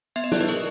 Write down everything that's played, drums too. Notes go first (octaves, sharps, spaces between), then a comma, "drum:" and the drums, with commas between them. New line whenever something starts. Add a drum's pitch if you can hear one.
B3 E5, drum: hi-hat
D#5
E4 D5, drum: snare
B4
G#4 A#4, drum: hi-hat